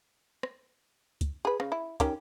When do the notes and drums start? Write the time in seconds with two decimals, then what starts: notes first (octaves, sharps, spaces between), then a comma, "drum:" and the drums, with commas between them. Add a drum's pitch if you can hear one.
0.43 drum: rim click
1.21 drum: kick, hi-hat
1.45 G#4 B4
1.60 C#3, drum: rim click
1.72 E4
2.00 D#3 C#4 G4, drum: kick, hi-hat